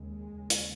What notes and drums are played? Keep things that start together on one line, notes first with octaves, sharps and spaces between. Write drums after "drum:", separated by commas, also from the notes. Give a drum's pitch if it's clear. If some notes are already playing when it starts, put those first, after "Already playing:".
Already playing: D#2 C#3 G#3
D#2 C#3
drum: hi-hat